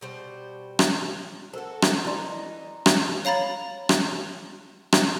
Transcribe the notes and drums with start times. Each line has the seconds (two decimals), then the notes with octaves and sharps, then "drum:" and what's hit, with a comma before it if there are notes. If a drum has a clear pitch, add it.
0.01 B2 G3 C5
0.79 drum: rim click
1.54 F#4 A4 A#4 C5
1.82 drum: rim click
2.05 E3 D#4 E4 D5 C6
2.86 drum: rim click
3.25 C#5 F5 A#5 B5 A6
3.89 drum: rim click
4.92 drum: rim click